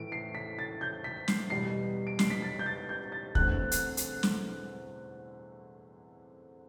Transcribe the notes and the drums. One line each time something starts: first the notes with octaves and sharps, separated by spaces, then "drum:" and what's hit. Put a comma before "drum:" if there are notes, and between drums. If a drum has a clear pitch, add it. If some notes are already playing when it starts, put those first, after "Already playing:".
Already playing: A2 E3 A3 D7
C7
B6
A6
G6
B6
C7, drum: snare
E2 B2 G3 C7
D7
C7, drum: snare
B6
A6
G6
A6
G6
A6
E2 D3 A3 C4 F#6, drum: kick
drum: hi-hat
drum: hi-hat
drum: snare